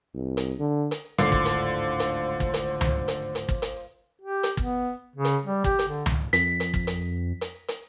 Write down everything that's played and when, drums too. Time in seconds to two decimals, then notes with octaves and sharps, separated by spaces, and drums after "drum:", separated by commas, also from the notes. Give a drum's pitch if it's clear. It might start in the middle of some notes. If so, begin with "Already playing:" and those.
0.14 C2
0.37 drum: hi-hat
0.59 D3
0.91 drum: hi-hat
1.18 D1 G#1 D3 F4 C5 D5 C7, drum: hi-hat
1.32 drum: kick
1.45 drum: hi-hat
2.00 drum: hi-hat
2.40 drum: kick
2.54 drum: hi-hat
2.81 drum: tom C#2
3.08 drum: hi-hat
3.35 drum: hi-hat
3.49 drum: kick
3.62 drum: hi-hat
4.21 G4
4.43 drum: hi-hat
4.57 B3, drum: kick
5.16 C#3
5.25 drum: hi-hat
5.44 G3
5.64 G4, drum: kick
5.79 drum: hi-hat
5.88 D3
6.06 drum: tom C#2
6.33 F2 B6, drum: hi-hat
6.60 drum: hi-hat
6.74 drum: kick
6.87 drum: hi-hat
7.41 drum: hi-hat
7.68 drum: hi-hat